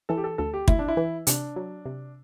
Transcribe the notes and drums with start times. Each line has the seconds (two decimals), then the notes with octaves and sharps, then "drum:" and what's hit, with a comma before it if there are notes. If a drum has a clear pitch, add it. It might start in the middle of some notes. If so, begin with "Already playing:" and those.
0.09 E3 A4
0.18 G4
0.24 A4
0.38 D2 A4
0.54 G4
0.68 D2 E4, drum: kick
0.79 D4
0.88 E4
0.97 E3
1.27 C3 D4, drum: hi-hat
1.56 F#3
1.86 C3